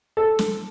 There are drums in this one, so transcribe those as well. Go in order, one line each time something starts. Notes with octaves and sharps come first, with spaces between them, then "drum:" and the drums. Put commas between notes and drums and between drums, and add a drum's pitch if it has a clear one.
A4
drum: snare